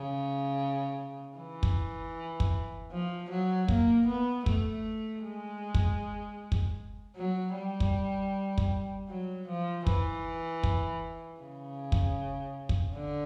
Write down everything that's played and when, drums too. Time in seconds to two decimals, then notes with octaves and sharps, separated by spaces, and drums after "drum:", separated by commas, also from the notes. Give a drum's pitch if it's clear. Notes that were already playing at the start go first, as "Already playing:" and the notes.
Already playing: C#3
1.37 E3
1.63 drum: kick
2.40 drum: kick
2.91 F3
3.30 F#3
3.68 A#3, drum: kick
4.07 B3
4.46 A3, drum: kick
5.23 G#3
5.74 drum: kick
6.52 drum: kick
7.16 F#3
7.55 G3
7.80 drum: kick
8.58 drum: kick
9.09 F#3
9.48 F3
9.87 E3, drum: kick
10.63 drum: kick
11.40 C#3
11.92 drum: kick
12.69 drum: kick
12.95 D3